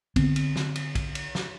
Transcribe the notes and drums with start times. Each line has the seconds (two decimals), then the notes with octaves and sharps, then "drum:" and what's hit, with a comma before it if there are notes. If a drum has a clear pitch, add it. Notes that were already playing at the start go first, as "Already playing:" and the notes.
0.16 D3 B3 C4, drum: kick, cymbal
0.36 drum: cymbal
0.56 drum: snare
0.76 drum: cymbal
0.95 drum: kick, cymbal
1.15 drum: cymbal
1.35 drum: snare